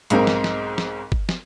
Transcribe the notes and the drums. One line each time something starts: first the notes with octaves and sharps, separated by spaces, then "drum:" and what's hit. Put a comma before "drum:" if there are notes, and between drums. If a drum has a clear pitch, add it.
B1 G#2 C4 A#4, drum: hi-hat
drum: snare
drum: snare
drum: snare
drum: kick G1
drum: snare